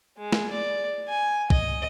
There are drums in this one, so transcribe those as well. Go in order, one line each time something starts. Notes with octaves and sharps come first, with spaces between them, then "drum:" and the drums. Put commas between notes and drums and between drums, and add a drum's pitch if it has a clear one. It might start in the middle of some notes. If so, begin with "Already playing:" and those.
G#3
drum: snare
D5
G#5
D#5, drum: kick B1